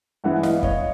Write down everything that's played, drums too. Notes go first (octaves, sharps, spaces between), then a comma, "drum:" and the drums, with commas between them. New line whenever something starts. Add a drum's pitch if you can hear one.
G2 E3 G#3 B3 E5 F#5
D#5 F5, drum: snare
C#5 D#5, drum: kick